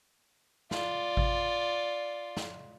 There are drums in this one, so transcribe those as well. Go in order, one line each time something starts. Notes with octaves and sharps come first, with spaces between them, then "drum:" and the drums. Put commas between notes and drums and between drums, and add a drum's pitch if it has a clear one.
F4 D5, drum: snare
drum: kick G#1
drum: snare